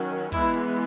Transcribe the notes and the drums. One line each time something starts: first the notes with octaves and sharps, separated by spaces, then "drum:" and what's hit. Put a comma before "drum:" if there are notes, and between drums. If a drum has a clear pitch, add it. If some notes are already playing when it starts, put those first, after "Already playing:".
Already playing: D#3 F#3 C#4
E3 G#3 B3 E4, drum: kick, hi-hat
drum: hi-hat